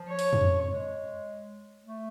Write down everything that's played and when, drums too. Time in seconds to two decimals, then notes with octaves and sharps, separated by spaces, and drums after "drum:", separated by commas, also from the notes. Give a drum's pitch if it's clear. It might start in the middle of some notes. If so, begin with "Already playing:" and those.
Already playing: F3
0.08 C#5
0.19 drum: open hi-hat
0.33 drum: tom F2
0.67 G#3
1.84 A3